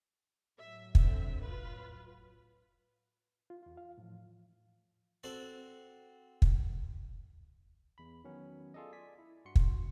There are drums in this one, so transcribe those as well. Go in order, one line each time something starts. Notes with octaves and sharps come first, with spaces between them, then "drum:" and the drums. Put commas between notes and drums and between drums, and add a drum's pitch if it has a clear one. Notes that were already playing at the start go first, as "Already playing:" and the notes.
A2 F#3 E5
D3 C4 E5, drum: kick
F4 B4
F4
E2 F4
F5
A2 E3 F3
C4 F#4 A4 C5 D5 F#5
drum: kick
E2 B5
D#3 F#3 B3 C#4
F4 G#4 A4 D5 D#5
D5 G#5 B6
E4
G2 F#4 C6 C#7
drum: kick